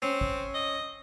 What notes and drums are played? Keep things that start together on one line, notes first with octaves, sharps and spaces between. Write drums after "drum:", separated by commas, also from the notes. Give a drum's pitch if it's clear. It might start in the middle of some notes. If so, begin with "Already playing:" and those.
C4 C#4
drum: kick
D#5